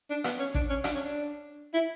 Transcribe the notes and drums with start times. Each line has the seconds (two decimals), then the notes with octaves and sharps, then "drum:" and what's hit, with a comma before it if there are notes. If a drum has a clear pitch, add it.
0.10 D4
0.24 B3, drum: rim click
0.39 C#4
0.54 D4, drum: kick
0.69 C#4
0.84 D4, drum: rim click
0.94 C#4
1.05 D4
1.74 E4